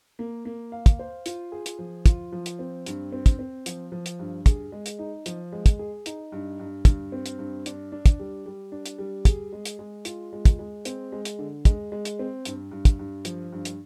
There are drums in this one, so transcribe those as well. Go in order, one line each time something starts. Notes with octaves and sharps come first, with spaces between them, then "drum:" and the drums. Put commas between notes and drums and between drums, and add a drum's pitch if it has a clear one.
A#3
A#3
F5
drum: kick, hi-hat
C5
F4, drum: hi-hat
G#4
drum: hi-hat
F3
F4, drum: kick, hi-hat
F3
drum: hi-hat
C4
G2, drum: hi-hat
C4
drum: kick, hi-hat
C4
F3, drum: hi-hat
F3
drum: hi-hat
G2
G#4, drum: kick, hi-hat
G#3
drum: hi-hat
D#4
F3, drum: hi-hat
G#3
drum: kick, hi-hat
G#4
D#4, drum: hi-hat
G2
G2
G2, drum: kick, hi-hat
C4
drum: hi-hat
G2
D4, drum: hi-hat
D4
drum: kick, hi-hat
G3
G3
D4
drum: hi-hat
G3
G#4, drum: kick, hi-hat
G#3
drum: hi-hat
G#3
F4, drum: hi-hat
G#3
drum: kick, hi-hat
G#3
C4, drum: hi-hat
G#3
drum: hi-hat
D3
G#3, drum: kick, hi-hat
G#3
drum: hi-hat
C4
G2, drum: hi-hat
G2
drum: kick, hi-hat
G2
F3, drum: hi-hat
G2
drum: hi-hat